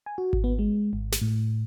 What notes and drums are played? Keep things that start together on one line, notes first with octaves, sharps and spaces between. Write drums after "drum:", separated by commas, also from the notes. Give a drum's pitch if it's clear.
G#5
F#4
drum: kick G#1
B3
G#3
G#1
drum: snare
A2